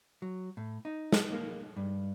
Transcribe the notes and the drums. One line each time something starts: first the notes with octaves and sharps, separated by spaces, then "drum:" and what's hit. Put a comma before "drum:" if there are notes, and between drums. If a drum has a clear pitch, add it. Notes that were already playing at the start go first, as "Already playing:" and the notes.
F#3
A2
D#4
drum: snare
A#3
G2